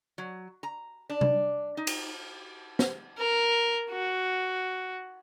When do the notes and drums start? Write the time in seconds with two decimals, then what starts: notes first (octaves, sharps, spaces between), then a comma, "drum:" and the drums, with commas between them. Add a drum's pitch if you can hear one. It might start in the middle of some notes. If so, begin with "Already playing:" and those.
0.18 F#3
0.63 A#5
1.10 D4
1.21 drum: tom C3
1.77 D#4
1.87 drum: cymbal
2.79 drum: snare
3.18 A#4
3.90 F#4